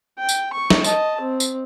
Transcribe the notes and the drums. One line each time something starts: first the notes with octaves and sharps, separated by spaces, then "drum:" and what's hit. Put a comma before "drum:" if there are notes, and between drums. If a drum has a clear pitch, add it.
G5
drum: tambourine
C#6
drum: snare
D#5 A5, drum: tambourine
C4
drum: tambourine